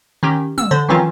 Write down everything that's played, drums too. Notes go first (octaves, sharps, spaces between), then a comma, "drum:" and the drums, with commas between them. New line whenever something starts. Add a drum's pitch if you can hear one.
D#3 C#4 G4
E6, drum: tom
D3 C5
D#3 E3 F#3 C4 C#4 F4